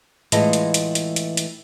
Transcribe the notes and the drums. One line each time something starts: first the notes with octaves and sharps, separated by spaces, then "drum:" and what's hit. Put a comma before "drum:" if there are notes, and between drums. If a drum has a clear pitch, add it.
A2 E3 G#3 F4 D#5 A5, drum: hi-hat
drum: hi-hat
drum: hi-hat
drum: hi-hat
drum: hi-hat
drum: hi-hat